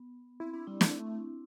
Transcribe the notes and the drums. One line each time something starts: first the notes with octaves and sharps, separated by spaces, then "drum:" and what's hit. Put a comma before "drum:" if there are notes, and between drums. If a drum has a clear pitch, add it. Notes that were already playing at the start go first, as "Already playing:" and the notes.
Already playing: B3
C4 E4
D4 E4
G3 E4
A3 C4, drum: snare